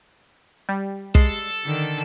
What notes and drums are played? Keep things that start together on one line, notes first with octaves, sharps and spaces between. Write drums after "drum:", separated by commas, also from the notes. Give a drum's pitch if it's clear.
G3
G#3 A4 C7, drum: kick
D3 D#3